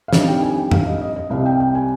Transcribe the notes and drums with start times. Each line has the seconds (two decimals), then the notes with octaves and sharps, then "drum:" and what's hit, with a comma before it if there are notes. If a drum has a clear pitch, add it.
0.08 F5
0.13 F2 D#3 G3 D4 D#5, drum: snare
0.28 G5
0.43 G#5
0.58 G5
0.71 F5, drum: tom F2
0.86 D#5
1.01 D#5
1.16 D#5
1.30 C2 C3 G3 F5
1.46 G5
1.60 G5
1.75 G#5